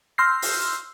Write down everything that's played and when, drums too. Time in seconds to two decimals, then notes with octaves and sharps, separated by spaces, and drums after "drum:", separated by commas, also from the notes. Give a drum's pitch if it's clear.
0.18 C6 E6 F6 G6 A#6 C7
0.42 drum: open hi-hat